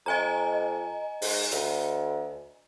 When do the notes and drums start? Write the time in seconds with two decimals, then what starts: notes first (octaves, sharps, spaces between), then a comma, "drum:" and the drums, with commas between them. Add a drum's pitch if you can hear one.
0.06 F2 D#5 G#5 A#5
1.22 G#2, drum: open hi-hat
1.52 D2, drum: hi-hat